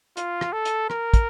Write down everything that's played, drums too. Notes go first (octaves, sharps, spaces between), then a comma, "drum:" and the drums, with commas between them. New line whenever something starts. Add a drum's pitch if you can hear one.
F4, drum: hi-hat
drum: rim click
A4
drum: hi-hat
A#4, drum: rim click
drum: kick, hi-hat